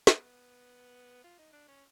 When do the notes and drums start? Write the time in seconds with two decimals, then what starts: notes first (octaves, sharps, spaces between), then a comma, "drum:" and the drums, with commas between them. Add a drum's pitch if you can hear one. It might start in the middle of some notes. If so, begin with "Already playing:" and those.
0.07 B3, drum: snare
1.24 F4
1.39 D#4
1.52 D4
1.68 C#4